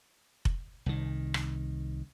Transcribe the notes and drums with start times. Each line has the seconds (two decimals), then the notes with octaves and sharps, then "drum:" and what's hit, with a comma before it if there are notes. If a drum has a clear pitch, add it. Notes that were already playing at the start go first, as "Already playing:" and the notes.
0.45 drum: kick F1
0.86 C2 D#3
1.34 drum: rim click